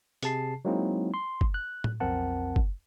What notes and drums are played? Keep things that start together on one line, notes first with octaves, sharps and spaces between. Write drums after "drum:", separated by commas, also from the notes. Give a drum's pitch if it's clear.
C3 G#4 A5 C7, drum: hi-hat
F#3 G#3 A#3 C4 D#4 E4
C6
drum: kick
F#6
drum: tom A2
B1 F2 C4 A#4 F#5 A5
drum: kick